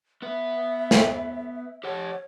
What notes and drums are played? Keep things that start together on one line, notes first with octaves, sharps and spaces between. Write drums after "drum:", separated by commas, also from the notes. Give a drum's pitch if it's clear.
B3 B4 E5
drum: snare
G4 C5 C#5 F#5